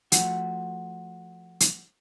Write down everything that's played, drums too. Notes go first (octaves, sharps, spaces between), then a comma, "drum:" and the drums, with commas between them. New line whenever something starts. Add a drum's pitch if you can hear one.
F3 A3 F#4, drum: hi-hat
drum: hi-hat